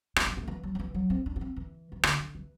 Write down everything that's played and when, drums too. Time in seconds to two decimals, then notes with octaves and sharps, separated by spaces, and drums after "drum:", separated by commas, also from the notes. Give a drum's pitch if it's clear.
0.16 A3, drum: rim click
0.27 B3
0.37 A3
0.48 E3
0.63 F#3
0.75 F#3
0.79 E3
0.94 F#3
1.10 C4
1.26 D4
1.36 B3
1.41 C4
1.56 E3
1.92 E3
2.03 D3, drum: rim click
2.19 D3
2.35 E3